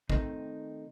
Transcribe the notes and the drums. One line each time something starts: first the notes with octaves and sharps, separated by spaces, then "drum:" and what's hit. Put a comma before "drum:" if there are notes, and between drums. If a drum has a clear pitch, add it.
D#3 A3 C4 D#4, drum: kick